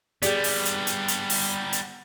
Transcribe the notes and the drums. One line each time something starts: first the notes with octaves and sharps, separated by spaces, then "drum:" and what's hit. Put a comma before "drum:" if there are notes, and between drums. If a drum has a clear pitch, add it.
G3 B3 G4 G#4 D5, drum: hi-hat
drum: open hi-hat
drum: hi-hat
drum: hi-hat
drum: hi-hat
drum: open hi-hat
drum: hi-hat